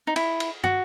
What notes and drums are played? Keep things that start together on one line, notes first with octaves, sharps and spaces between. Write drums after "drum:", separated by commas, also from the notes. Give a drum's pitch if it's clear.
D#4
E4, drum: cymbal
drum: cymbal
F#4, drum: tom